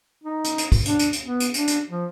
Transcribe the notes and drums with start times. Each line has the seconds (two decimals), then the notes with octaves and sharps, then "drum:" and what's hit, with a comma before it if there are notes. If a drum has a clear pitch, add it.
0.24 D#4
0.44 drum: hi-hat
0.58 drum: hi-hat
0.72 drum: kick, open hi-hat
0.86 D4, drum: hi-hat
0.99 drum: hi-hat
1.13 drum: hi-hat
1.23 B3
1.40 drum: hi-hat
1.54 D4, drum: hi-hat
1.68 drum: hi-hat
1.90 F3